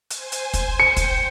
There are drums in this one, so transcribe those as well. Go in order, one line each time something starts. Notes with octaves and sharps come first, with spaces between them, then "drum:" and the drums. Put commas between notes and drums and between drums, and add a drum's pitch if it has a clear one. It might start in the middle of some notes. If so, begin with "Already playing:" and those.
C5 G#5, drum: hi-hat
drum: hi-hat
drum: kick, hi-hat
C5 G5 G6 C#7
drum: kick, hi-hat